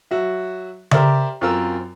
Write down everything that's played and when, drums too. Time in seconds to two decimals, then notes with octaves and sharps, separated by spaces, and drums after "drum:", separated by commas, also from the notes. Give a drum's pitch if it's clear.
0.11 F#3 F#4 E5
0.91 G4 A#4 C5 D5 E5, drum: tom C#3
1.41 F#2 C4 F4 A#4 E6